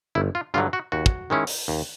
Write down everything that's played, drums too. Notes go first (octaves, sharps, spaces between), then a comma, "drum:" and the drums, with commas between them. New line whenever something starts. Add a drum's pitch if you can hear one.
G1 E4
F4
G2 D3 F#3 F4
F#4
D#2 F#4
drum: kick
D#3 G#3 C#4 E4
drum: open hi-hat
D#2